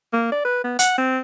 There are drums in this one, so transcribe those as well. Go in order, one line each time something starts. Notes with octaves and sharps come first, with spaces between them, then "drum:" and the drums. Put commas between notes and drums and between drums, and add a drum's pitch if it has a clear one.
A#3
D5
B4
B3
F#5, drum: hi-hat
C4